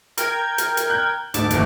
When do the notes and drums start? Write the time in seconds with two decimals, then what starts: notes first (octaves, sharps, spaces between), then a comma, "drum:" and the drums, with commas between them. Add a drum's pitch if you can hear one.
0.18 A#4 G5 G#6, drum: hi-hat
0.58 drum: hi-hat
0.77 drum: hi-hat
0.90 F#6 G6
1.34 D2 G#2 A5 D6, drum: hi-hat
1.50 F#1 D#2, drum: hi-hat